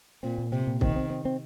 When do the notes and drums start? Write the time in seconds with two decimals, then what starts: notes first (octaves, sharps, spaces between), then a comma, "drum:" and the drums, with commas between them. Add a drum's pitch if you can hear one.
0.23 A#2 C4
0.38 A#2
0.52 C3 C4
0.67 A#2
0.81 D#3 C4, drum: kick
0.96 C4
1.10 C4
1.25 C4